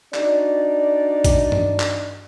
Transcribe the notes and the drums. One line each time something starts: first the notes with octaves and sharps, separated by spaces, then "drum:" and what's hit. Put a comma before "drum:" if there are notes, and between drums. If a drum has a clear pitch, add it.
D4 D#4 F#4 D5, drum: clap
drum: kick A#1, hi-hat
drum: tom G2
drum: clap